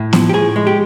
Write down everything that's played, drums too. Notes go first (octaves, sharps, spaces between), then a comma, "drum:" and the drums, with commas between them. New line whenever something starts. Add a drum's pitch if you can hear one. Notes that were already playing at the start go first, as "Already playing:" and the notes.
Already playing: A2
F3, drum: snare
G4
A2 G#4
G#3
G4